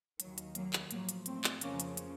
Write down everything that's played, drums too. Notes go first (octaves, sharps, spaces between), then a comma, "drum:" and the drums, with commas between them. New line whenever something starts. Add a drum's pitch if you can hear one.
D#2 D#3 F#3, drum: hi-hat
drum: hi-hat
F#3 A#3, drum: hi-hat
drum: clap
A2 F3 F#3 A#3, drum: hi-hat
drum: hi-hat
A3 C4, drum: hi-hat
drum: clap
F2 C#3 F3 A#3 C#4, drum: hi-hat
drum: hi-hat
drum: hi-hat